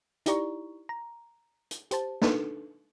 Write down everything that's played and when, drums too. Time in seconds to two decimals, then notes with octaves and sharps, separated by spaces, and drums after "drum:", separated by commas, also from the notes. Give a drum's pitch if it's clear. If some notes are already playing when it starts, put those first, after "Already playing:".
0.26 D#4 E4 G4 D5 A#5 C#6, drum: hi-hat
0.89 A#5
1.71 drum: hi-hat
1.91 G4 C5 A5, drum: hi-hat
2.22 D4 D#4 A4 B4, drum: snare